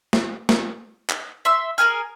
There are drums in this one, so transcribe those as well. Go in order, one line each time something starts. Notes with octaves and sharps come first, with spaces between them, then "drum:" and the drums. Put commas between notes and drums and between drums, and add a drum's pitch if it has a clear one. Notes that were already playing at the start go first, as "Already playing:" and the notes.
drum: snare
drum: snare
drum: clap
E5 C6 E6
G#4 A#4 G#5 F6